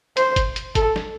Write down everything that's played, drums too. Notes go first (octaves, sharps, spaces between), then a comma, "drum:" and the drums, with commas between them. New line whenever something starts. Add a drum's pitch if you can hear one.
C5, drum: hi-hat
drum: kick G1, hi-hat
drum: hi-hat
A4, drum: kick G1, hi-hat
drum: snare